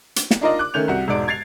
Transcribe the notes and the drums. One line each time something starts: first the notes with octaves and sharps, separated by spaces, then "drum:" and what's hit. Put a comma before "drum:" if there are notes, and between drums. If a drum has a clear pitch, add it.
drum: hi-hat
drum: snare
D4 D#4 F4 A#4 D5 D#5
D6 F#6
D#3 A3 C#4 G6 F7
C2 F#4
E1 G#2 D5 D7
G#6 A6 C7 F7